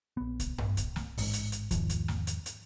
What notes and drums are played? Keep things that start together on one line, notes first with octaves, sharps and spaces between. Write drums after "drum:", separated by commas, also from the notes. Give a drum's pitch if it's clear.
A#1 B3
drum: kick C2, hi-hat
drum: tom G2
drum: kick C2, hi-hat
drum: snare
A1 G#2, drum: open hi-hat
drum: hi-hat
drum: hi-hat
E2 G#2 D#3 F3, drum: kick C2, hi-hat
drum: hi-hat
drum: snare
drum: hi-hat
drum: hi-hat